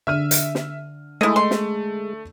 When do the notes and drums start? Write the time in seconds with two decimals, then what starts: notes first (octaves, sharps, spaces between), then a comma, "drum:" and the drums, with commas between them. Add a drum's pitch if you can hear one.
0.07 D3 E5 F6 D#7
0.31 drum: hi-hat
0.55 drum: snare
1.21 G#3 A3 E4 D#5
1.36 C6
1.51 drum: snare